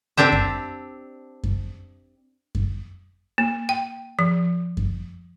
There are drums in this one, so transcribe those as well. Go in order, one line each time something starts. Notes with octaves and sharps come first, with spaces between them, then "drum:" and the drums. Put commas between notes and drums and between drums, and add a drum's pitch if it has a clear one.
C4 D4 G4 E5
drum: kick F#2
drum: kick F#2
drum: kick F#2
A#3
G5
F3
drum: kick F#2